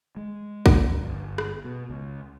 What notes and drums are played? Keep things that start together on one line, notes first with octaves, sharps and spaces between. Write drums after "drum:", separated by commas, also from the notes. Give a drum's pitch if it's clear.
G#3
drum: kick
G1
drum: rim click
B2
C#2